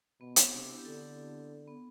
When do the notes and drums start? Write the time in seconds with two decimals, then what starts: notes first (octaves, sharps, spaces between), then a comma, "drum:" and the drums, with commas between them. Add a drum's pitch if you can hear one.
0.20 B2 B3
0.36 C4, drum: hi-hat
0.52 C3 D4
0.69 E4
0.79 G4
0.85 D3 A4
1.68 B3